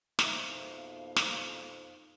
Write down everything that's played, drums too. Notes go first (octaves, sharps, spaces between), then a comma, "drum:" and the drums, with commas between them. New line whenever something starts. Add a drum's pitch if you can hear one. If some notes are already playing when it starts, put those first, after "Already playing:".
D#4 C5 E5 F5, drum: snare
F2 B2 A#3 B3
drum: snare